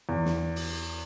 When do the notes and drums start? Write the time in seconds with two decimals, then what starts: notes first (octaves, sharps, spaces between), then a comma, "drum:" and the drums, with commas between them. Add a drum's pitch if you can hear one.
0.09 E2
0.25 drum: snare
0.56 drum: open hi-hat